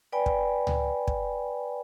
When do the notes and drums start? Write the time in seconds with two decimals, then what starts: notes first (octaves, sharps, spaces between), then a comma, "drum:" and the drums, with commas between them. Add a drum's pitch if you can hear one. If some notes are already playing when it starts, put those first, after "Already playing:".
0.12 B4 D5 G5 G#5 B5
0.26 drum: kick
0.67 drum: tom C#2
1.08 drum: kick